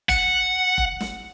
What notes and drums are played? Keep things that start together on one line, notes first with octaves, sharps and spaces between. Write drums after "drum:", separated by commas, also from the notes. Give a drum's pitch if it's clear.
F#5, drum: kick F1, hi-hat
drum: kick F1
drum: snare